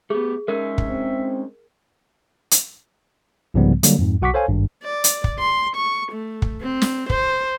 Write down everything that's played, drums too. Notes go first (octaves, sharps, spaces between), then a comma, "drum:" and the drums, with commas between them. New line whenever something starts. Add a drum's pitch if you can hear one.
A3 B3 G4 G#4
G#3 C#4 D#4 A#4 E5
drum: kick
C4
drum: hi-hat
C2 G#2 C#3 F3 G3 B3
D3 F#3 G3 A#3, drum: hi-hat
F2 G#2
B1 F#4 F#5 C#6 D6 B6
A4 C5 C#5 F5 G#5
G#1 G2
D5
drum: hi-hat
drum: kick
C6
C#6
A3
drum: kick
C4
drum: snare
C5, drum: kick